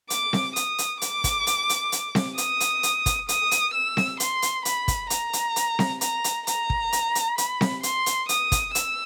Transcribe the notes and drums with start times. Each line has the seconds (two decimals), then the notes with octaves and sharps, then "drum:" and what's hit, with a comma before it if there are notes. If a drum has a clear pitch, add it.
0.10 D6, drum: hi-hat
0.33 drum: snare C4
0.56 D#6, drum: hi-hat
0.78 drum: hi-hat
1.02 D6, drum: hi-hat
1.24 drum: kick, hi-hat
1.47 drum: hi-hat
1.69 drum: hi-hat
1.92 drum: hi-hat
2.15 drum: snare C4
2.38 D#6, drum: hi-hat
2.60 drum: hi-hat
2.83 drum: hi-hat
3.06 drum: kick, hi-hat
3.29 D#6, drum: hi-hat
3.51 drum: hi-hat
3.74 E6
3.97 drum: snare C4
4.20 C6, drum: hi-hat
4.42 drum: hi-hat
4.65 B5, drum: hi-hat
4.88 drum: kick, hi-hat
5.10 A#5, drum: hi-hat
5.33 drum: hi-hat
5.56 drum: hi-hat
5.79 drum: snare C4
6.01 A#5, drum: hi-hat
6.24 drum: hi-hat
6.47 A#5, drum: hi-hat
6.70 drum: kick
6.92 drum: hi-hat
7.15 drum: hi-hat
7.38 B5, drum: hi-hat
7.61 drum: snare C4
7.83 C6, drum: hi-hat
8.06 drum: hi-hat
8.29 D#6, drum: hi-hat
8.52 drum: kick, hi-hat
8.75 E6, drum: hi-hat